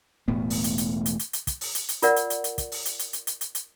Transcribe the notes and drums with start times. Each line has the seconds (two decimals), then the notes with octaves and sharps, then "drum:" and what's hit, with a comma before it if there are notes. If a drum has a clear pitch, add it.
0.28 E1 A2 B3
0.50 drum: open hi-hat
0.64 drum: hi-hat
0.78 drum: hi-hat
1.06 drum: hi-hat
1.19 drum: hi-hat
1.33 drum: hi-hat
1.47 drum: kick, hi-hat
1.61 drum: open hi-hat
1.75 drum: hi-hat
1.89 drum: hi-hat
2.02 F4 A#4 D5 F#5, drum: hi-hat
2.16 drum: hi-hat
2.30 drum: hi-hat
2.44 drum: hi-hat
2.58 drum: kick, hi-hat
2.72 drum: open hi-hat
2.85 drum: hi-hat
2.99 drum: hi-hat
3.13 drum: hi-hat
3.27 drum: hi-hat
3.41 drum: hi-hat
3.55 drum: hi-hat